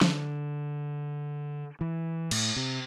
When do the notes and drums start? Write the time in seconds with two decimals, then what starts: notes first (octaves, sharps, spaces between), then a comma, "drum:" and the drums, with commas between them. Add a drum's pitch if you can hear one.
0.01 D3, drum: snare
1.81 E3
2.31 A2, drum: cymbal
2.57 C3